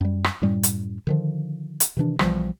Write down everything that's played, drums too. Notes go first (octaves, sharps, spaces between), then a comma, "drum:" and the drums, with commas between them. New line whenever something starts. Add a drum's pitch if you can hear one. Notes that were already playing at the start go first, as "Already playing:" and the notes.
F#2 G3
drum: rim click
F#2 A2 G3 C#4
drum: hi-hat
D3 D#3 F3
drum: hi-hat
C3 D#3 E3 D4
B1 E3 F3 G3, drum: rim click